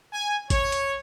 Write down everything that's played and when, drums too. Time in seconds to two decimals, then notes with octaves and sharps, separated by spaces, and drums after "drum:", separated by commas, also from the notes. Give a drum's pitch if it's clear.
0.13 G#5
0.50 C#5, drum: kick G#1, hi-hat
0.72 drum: hi-hat